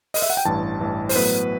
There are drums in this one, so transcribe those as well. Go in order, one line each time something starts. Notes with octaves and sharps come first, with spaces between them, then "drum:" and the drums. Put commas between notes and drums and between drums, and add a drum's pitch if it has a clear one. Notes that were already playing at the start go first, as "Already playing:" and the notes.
D#5, drum: open hi-hat
E5
F#5
G5
A1 G2 E3 A5
A1 G2 E3
C5, drum: open hi-hat
A2 F#3 B3 B4